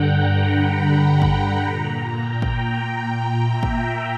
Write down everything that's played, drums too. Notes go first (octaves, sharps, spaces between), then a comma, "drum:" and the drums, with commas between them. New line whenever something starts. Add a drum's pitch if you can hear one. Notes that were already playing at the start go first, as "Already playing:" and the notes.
Already playing: G2 D3 F#5 G5 A#5
B5
A#5
A#5
drum: kick
A#2
G5
drum: kick
E5
drum: kick